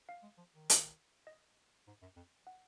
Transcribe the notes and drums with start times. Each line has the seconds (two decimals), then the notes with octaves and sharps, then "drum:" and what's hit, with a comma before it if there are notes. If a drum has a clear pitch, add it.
0.09 F5
0.23 G#3
0.38 F3
0.53 D#3
0.70 drum: hi-hat
1.27 D#5
1.87 G#2
2.02 F#2
2.17 F2
2.47 F#5